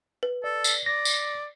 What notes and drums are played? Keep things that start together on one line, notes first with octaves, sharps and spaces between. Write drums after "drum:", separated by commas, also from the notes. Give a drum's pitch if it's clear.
B4
A4 D5
drum: tambourine
D5 A#6
drum: tambourine